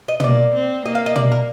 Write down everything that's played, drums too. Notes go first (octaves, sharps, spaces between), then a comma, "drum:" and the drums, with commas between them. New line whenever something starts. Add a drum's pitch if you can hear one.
D#5
D#5, drum: tom
A#3 D5
C4
A#3 D#5
F5
D#5
D5, drum: tom
A#4